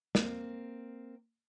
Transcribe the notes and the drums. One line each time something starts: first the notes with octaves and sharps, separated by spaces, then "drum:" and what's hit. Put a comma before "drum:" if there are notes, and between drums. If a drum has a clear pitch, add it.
A#3 C4, drum: snare